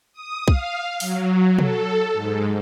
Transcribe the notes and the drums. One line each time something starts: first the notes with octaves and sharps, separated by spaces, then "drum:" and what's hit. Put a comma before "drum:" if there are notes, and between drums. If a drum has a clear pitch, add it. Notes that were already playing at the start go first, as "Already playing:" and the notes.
D#6
F5, drum: kick
F#3, drum: open hi-hat
A4, drum: tom B2
G#2